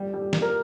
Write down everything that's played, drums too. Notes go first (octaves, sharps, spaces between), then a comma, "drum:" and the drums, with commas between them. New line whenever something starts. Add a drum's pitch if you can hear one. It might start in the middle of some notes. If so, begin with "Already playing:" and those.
Already playing: G3
G3
A#3, drum: snare
A#4